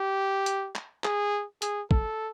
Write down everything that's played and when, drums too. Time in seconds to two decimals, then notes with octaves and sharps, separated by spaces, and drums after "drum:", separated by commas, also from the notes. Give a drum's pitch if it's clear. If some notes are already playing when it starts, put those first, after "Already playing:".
Already playing: G4
0.46 drum: hi-hat
0.75 drum: clap
1.04 G#4, drum: clap
1.62 G#4, drum: hi-hat
1.91 A4, drum: kick